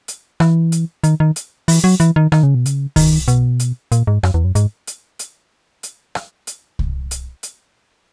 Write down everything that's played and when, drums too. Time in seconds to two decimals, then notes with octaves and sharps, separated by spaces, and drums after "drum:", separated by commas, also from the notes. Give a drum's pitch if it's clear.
0.08 drum: hi-hat
0.40 E3, drum: rim click
0.72 drum: hi-hat
1.04 D#3, drum: hi-hat
1.20 D#3
1.36 drum: hi-hat
1.68 E3, drum: open hi-hat
1.84 F#3
2.00 E3, drum: hi-hat
2.16 D#3
2.32 D#3, drum: rim click
2.43 C#3
2.55 B2
2.66 C#3, drum: hi-hat
2.96 D#3, drum: kick C2, open hi-hat
3.28 B2, drum: hi-hat
3.60 drum: hi-hat
3.92 A#2, drum: hi-hat
4.07 G#2
4.23 F#2, drum: rim click
4.34 E2
4.45 F#2
4.55 G#2, drum: hi-hat
4.87 drum: hi-hat
5.19 drum: hi-hat
5.83 drum: hi-hat
6.15 drum: rim click
6.47 drum: hi-hat
6.79 drum: kick C2
7.11 drum: hi-hat
7.43 drum: hi-hat